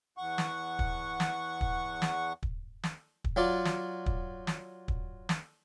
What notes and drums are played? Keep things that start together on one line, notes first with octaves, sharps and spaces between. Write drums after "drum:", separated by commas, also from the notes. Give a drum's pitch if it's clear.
E2 F#5 C#6
drum: snare
drum: kick
drum: snare
drum: kick
drum: snare
drum: kick
drum: snare
drum: kick
F#3 F4 D5
drum: snare
drum: kick
drum: snare
drum: kick
drum: snare